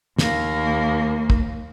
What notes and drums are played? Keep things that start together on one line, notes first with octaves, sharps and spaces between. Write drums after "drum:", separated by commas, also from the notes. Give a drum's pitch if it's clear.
D#2 A#3, drum: snare
drum: kick